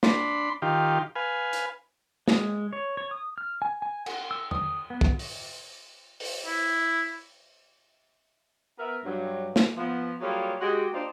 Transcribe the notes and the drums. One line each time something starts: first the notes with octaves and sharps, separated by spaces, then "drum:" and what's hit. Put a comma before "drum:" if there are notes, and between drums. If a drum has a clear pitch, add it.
D4 B5 C6, drum: snare
D#3 F4 G4
B4 F5 G#5
drum: hi-hat
G#3, drum: snare
C#5
C#5
D#6
F6
G#5
G#5
F#5, drum: cymbal
E6
D#6, drum: tom E2
B3
drum: kick
drum: open hi-hat
drum: open hi-hat
E4
B3 A#4 E5
G2 F#3
drum: snare
F3 B3
F#3 G3 A#3 F4 G#4 C#5
G#3 F#4 G4
A#3 D4 D#4 F4 G4 C5